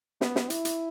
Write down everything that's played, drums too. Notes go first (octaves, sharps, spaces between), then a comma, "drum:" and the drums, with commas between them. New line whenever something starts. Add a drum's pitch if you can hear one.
B3, drum: snare
drum: snare
E4, drum: hi-hat
drum: hi-hat